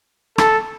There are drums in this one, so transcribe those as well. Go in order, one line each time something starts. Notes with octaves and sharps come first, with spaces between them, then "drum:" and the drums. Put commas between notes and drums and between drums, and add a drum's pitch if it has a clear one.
A4, drum: rim click